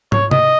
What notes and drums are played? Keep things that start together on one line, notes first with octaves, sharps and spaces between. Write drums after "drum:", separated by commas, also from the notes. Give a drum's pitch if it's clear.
C#5, drum: tom
D#5, drum: tom C3